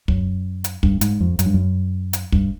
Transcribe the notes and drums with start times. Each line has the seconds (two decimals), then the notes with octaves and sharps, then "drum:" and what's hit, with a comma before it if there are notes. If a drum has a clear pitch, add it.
0.08 F#2, drum: kick
0.64 drum: hi-hat
0.83 G2, drum: kick
1.01 G#2, drum: hi-hat
1.20 F2
1.39 F#2, drum: hi-hat
1.46 G2
1.54 F#2
2.13 drum: hi-hat
2.32 G2, drum: kick